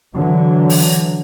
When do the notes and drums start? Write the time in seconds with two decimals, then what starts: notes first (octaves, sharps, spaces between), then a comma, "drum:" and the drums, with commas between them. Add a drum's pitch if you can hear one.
0.15 D3 E3 F#3
0.70 drum: open hi-hat